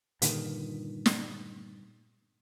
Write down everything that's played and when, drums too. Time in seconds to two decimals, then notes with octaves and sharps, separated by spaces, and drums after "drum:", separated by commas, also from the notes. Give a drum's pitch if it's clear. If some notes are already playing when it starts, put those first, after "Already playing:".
0.22 G2 A#2 D3 D#3, drum: hi-hat
1.06 drum: snare